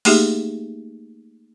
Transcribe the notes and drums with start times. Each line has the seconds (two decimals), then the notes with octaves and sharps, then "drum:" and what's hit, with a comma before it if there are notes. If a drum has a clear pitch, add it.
0.05 A3 A#3 D#4 G4 G#4 E5, drum: open hi-hat